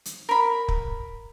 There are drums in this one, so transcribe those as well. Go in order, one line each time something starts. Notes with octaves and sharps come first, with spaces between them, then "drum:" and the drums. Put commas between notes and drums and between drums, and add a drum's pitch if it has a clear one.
drum: hi-hat
A#4 B5
drum: kick